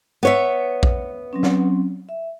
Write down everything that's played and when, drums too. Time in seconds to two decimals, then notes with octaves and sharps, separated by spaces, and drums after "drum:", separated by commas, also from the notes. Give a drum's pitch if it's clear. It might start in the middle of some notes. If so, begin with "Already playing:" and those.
0.23 B3 C#5 E5
0.83 drum: kick A#1
1.33 F#3 C4 C#4
1.43 drum: snare
2.09 E5